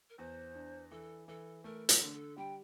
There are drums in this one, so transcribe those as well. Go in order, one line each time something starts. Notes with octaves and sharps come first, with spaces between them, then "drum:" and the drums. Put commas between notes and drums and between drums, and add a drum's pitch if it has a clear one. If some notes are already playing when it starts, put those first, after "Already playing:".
A#4
E2 C5
D4
E3 A4
E3 A4
A3 A#4
A#4, drum: hi-hat
D3
A4
G3 G5